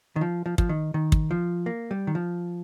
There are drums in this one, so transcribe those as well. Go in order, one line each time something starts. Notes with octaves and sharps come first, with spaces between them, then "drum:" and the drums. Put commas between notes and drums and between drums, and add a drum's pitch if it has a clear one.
D#3
F3
F3
F3, drum: kick
D#3
D#3
drum: kick
F3
A#3
G3
D#3
F3